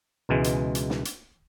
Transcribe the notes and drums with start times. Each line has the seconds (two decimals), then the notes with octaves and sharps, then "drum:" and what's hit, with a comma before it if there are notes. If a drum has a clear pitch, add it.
0.29 C#2 B2 E3 G#3
0.44 drum: hi-hat
0.75 drum: hi-hat
0.90 drum: snare
1.05 drum: hi-hat